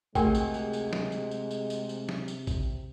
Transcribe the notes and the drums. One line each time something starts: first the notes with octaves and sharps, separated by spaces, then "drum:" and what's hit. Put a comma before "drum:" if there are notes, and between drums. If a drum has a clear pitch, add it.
D2 C3 G#3 G4 G#4 A#4 G5, drum: kick A1, tambourine
drum: tambourine
drum: tambourine
drum: tambourine
drum: snare
drum: tambourine
drum: tambourine
drum: tambourine
drum: tambourine
drum: tambourine
drum: snare
drum: tambourine
drum: kick A1, tambourine